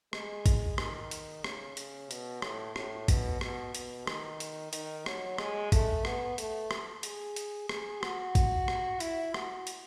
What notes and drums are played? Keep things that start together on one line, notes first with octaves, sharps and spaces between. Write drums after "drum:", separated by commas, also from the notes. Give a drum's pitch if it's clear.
G#3, drum: rim click
drum: kick, hi-hat
D#3, drum: rim click
drum: hi-hat
C#3, drum: rim click
C#3, drum: hi-hat
B2, drum: hi-hat
A2, drum: rim click
A2, drum: rim click
B2, drum: kick, hi-hat
B2, drum: rim click
B2, drum: hi-hat
D#3, drum: rim click
drum: hi-hat
D#3, drum: hi-hat
F#3, drum: rim click
G#3, drum: rim click
A3, drum: kick, hi-hat
B3, drum: rim click
A3, drum: hi-hat
drum: rim click
G#4, drum: hi-hat
drum: hi-hat
G#4, drum: rim click
F#4, drum: rim click
drum: kick, hi-hat
drum: rim click
E4, drum: hi-hat
F#4, drum: rim click
drum: hi-hat